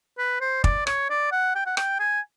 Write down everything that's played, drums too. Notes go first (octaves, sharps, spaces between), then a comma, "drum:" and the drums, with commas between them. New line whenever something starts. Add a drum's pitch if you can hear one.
B4
C5
D5, drum: kick
C#5, drum: rim click
D5
F#5
G5
F#5
G5, drum: rim click
G#5